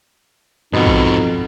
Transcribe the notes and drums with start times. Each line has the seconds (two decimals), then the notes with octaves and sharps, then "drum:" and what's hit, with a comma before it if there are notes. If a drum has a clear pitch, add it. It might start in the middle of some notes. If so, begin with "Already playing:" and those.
0.73 F2 G#2 B2 D#4 F#4
0.87 drum: kick A#1